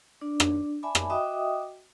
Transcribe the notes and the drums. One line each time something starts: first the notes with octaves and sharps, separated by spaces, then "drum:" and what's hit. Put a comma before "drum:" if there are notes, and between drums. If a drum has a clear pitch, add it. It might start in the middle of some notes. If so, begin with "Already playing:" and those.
D4 D5
drum: rim click
D5 E5 G#5 A5 B5 D6
drum: rim click
F#4 D#5 E5 G5 D6 D#6